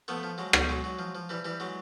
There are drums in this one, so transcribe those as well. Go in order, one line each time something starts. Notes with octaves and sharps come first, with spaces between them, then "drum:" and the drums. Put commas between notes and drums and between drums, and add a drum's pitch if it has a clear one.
F3 A3 B3
F3
F#3 G#3
F#3 G3, drum: rim click
F#3 G#3
F#3
F3
F3
E3 G3
E3 G3
F#3 G#3